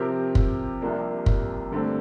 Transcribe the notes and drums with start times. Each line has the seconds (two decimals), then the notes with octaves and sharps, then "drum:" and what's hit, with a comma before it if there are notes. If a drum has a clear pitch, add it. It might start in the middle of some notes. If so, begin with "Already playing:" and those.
Already playing: C3 F3 C4 G4 A#4
0.35 drum: kick
0.81 C2 C3 F3 A#3 D4
1.26 drum: kick
1.72 G2 D3 A3 C4